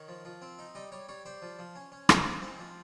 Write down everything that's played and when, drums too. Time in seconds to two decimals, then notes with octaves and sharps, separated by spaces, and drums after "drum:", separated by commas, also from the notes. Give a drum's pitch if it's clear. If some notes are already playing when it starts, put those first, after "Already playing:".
Already playing: D#3 C#5
0.08 F3
0.25 F3
0.42 C4
0.59 D#4
0.75 G3 D#5
0.92 G3 C#5
1.09 G3 C#5
1.25 G3 C5
1.42 F3
1.59 F3
1.75 C#4
1.92 C#4
2.09 F3, drum: rim click
2.26 G#3
2.42 C4
2.59 F3